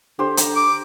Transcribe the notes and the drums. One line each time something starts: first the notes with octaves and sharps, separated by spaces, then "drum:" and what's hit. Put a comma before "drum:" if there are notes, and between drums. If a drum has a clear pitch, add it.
D3 G4 C5
A#5, drum: hi-hat
D6